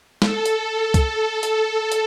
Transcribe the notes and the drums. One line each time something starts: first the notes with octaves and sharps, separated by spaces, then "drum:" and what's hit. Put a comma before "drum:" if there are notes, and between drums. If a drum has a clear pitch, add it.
A4, drum: snare
drum: hi-hat
A4
drum: kick C2, hi-hat
drum: hi-hat
drum: hi-hat